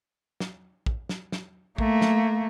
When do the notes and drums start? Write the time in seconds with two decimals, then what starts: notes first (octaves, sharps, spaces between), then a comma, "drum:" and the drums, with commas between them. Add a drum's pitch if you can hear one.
0.40 drum: snare
0.86 drum: kick
1.09 drum: snare
1.32 drum: snare
1.78 A3 A#3, drum: kick
2.01 drum: snare